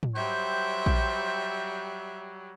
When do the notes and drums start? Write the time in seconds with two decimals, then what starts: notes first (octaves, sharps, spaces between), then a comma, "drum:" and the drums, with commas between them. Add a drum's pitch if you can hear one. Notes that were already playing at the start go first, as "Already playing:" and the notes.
0.03 drum: tom
0.16 F#3 G3 C5 E5 G5
0.86 drum: kick A#1